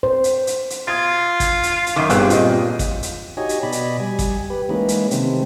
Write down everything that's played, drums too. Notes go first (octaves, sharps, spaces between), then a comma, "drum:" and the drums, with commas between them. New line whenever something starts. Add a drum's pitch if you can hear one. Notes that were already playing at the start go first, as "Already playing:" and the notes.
C5
drum: hi-hat
drum: hi-hat
drum: hi-hat
F4 D#6 G#6 A6
drum: kick, hi-hat
drum: hi-hat
drum: hi-hat
F#2 D#3 D6
G1 G3 C4 F4 G#4 F#6, drum: hi-hat
A#2 D#5, drum: hi-hat
drum: kick, hi-hat
drum: hi-hat
D#4 F#4 G4 C#5 D#5 G#5
drum: hi-hat
B2 D5 D#5 B5
drum: hi-hat
G3 G#5
drum: kick, hi-hat
G4 B4
E3 G#3 A#3 C#4 D#4 B4
drum: hi-hat
C3 D#3 A3 C4, drum: hi-hat